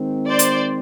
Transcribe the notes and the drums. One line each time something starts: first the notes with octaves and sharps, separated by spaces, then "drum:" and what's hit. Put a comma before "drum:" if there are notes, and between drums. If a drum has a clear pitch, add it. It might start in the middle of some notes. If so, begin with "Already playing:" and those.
Already playing: D#3 G#3 C4
C5 D5
drum: hi-hat